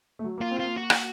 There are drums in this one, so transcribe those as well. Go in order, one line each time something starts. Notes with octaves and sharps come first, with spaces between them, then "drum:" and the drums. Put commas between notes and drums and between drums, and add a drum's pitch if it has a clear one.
A3
F#3
A#3 F4
C4
A#3 F4
F#4
drum: rim click